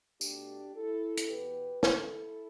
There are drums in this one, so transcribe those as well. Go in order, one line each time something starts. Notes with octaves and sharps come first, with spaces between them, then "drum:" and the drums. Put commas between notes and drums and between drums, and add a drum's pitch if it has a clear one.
B2 A3 D4 G4, drum: tambourine
E4 A4
drum: hi-hat
E2 B2 B3 G4 B4
E4 A4, drum: snare